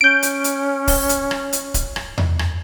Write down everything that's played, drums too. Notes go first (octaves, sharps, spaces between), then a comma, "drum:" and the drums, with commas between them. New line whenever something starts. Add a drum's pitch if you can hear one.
C#4 G6 D7
drum: hi-hat
drum: hi-hat
drum: kick C#1, open hi-hat
drum: hi-hat
drum: rim click
drum: hi-hat
drum: kick C#1, hi-hat
drum: rim click
drum: tom E2
drum: rim click